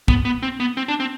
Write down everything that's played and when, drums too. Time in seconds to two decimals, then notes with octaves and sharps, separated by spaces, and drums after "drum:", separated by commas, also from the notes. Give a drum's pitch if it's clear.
0.08 B3, drum: kick B1
0.25 B3
0.43 C4
0.60 B3
0.77 C4
0.88 D4
1.00 C4